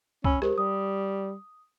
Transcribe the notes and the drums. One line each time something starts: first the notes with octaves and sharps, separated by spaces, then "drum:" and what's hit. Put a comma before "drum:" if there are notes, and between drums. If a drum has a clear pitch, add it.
C#4 G#5 B5 E6, drum: kick
G#3 G4 A#4 C5, drum: rim click
G3 D#6